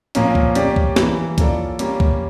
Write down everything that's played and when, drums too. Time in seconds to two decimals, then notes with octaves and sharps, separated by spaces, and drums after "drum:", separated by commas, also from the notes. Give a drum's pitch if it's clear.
0.15 A#2 F3 A#3 C#4, drum: hi-hat
0.35 drum: kick C2
0.55 A#3 C#4 G4 D5, drum: hi-hat
0.76 drum: kick C2
0.96 E3 G3 A#3 E4, drum: snare
1.38 A#3 C#4 F4 A4 D5, drum: kick C2, hi-hat
1.79 G3 A#3 C#4, drum: hi-hat
2.00 drum: kick C2